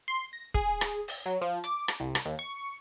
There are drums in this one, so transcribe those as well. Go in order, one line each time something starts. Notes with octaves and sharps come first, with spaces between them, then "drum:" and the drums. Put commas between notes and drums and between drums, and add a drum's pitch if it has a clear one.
C6
A#6
G#4, drum: kick
drum: rim click
drum: open hi-hat
F#3
F3
D6, drum: hi-hat
drum: rim click
C2
drum: rim click
D#2
C#6